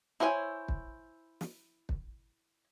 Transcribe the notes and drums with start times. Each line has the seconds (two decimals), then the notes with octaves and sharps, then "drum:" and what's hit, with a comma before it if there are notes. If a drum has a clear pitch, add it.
0.20 E4 C5 C#5 F5 G#5
0.68 drum: kick
1.41 drum: snare
1.89 drum: kick